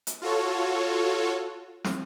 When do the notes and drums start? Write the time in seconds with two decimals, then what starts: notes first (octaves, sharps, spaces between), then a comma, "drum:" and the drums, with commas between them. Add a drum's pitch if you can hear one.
0.07 drum: hi-hat
0.22 F4 F#4 A4 C#5
1.84 drum: snare